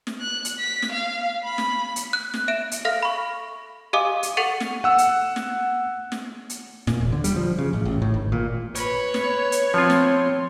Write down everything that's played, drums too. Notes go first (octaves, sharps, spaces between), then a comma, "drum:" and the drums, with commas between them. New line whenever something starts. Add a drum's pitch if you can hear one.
drum: snare
F#6
drum: hi-hat
B6
drum: snare
F5
B5
drum: snare
drum: hi-hat
F#6
drum: snare
E5 D7 E7
drum: hi-hat
A4 E5 F5 F6 A#6
B5 C#6
G4 D#5 F5 G#5 D6 D#6
drum: hi-hat
A4 F#5 C#6 A6 C#7 D#7
drum: snare
F#5 E6
drum: hi-hat
drum: snare
drum: snare
drum: hi-hat
A#2, drum: snare
E1
D3
G3, drum: hi-hat
F3
C#3
A1
A1
A2
G#1
A#2
B4 C#5, drum: hi-hat
drum: snare
drum: hi-hat
F3 C4 F4 C6
drum: snare